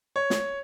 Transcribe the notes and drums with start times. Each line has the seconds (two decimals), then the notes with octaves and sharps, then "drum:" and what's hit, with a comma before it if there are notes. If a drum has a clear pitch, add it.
0.16 C#5
0.30 drum: snare